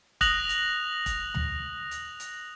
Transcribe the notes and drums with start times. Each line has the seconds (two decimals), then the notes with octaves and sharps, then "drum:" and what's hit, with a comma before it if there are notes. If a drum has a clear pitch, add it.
0.21 D#6 F#6 A#6 F7 F#7, drum: kick E1, hi-hat
0.49 drum: hi-hat
1.06 drum: kick E1, hi-hat
1.34 drum: tom
1.91 drum: hi-hat
2.20 drum: hi-hat